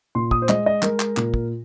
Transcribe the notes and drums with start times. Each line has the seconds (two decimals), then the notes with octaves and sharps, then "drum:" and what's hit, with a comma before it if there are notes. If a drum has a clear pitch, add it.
0.15 A#2 C6
0.31 D#6, drum: kick
0.42 C5
0.49 G#3 D#5, drum: clap
0.66 D#5
0.82 G#3 A#4, drum: clap
1.00 drum: clap
1.17 A#2, drum: clap
1.34 drum: kick